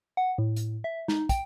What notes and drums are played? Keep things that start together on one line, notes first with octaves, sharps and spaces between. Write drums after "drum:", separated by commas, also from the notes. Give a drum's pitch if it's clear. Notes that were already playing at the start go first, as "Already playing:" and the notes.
F#5
A2
drum: hi-hat
E5
D#4, drum: snare
G5, drum: kick, hi-hat